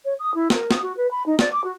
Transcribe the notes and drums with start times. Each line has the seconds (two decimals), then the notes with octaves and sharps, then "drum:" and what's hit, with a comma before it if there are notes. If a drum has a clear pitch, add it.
0.04 C#5
0.19 D#6
0.34 E4
0.50 A#4, drum: snare
0.71 D#6, drum: snare
0.82 F#4
0.96 B4
1.10 B5
1.26 D#4
1.39 D5, drum: snare
1.52 D6
1.64 F#4